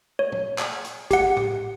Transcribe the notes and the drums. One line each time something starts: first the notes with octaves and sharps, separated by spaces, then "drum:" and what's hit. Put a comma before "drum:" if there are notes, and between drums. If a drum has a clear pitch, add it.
C#5
drum: tom
drum: clap
drum: hi-hat
G4 F#5, drum: kick, hi-hat
drum: tom A2